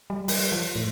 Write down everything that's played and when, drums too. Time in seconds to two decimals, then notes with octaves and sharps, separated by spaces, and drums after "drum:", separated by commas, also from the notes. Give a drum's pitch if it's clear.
0.10 G3
0.28 G3, drum: open hi-hat
0.52 F3
0.76 A2